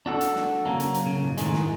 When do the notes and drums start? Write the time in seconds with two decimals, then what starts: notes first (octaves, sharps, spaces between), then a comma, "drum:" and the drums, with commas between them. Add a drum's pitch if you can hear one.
0.06 D4 F#4 A4
0.21 drum: hi-hat
0.35 drum: snare
0.65 C#3 F#3 A#3
0.80 drum: hi-hat
0.94 drum: hi-hat
1.06 C#3
1.24 drum: tom F#2
1.38 A2 D#3 G#3, drum: hi-hat
1.53 drum: snare